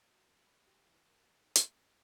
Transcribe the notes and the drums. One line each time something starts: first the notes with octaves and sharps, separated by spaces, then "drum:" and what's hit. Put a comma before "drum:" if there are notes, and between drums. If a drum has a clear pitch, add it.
F#4
F#3
B5
G4
E3
A#4
G#2
A3, drum: hi-hat
F#2